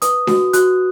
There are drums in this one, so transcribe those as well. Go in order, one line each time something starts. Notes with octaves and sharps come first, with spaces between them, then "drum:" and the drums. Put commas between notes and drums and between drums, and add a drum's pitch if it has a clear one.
B4 D#6, drum: hi-hat
F#4, drum: snare D4
F#4 F#6, drum: hi-hat